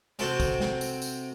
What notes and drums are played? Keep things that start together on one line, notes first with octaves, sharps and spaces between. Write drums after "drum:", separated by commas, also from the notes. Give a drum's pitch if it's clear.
C3 C4 F#4 A4, drum: tambourine
drum: kick, tambourine
drum: snare
drum: tambourine
drum: tambourine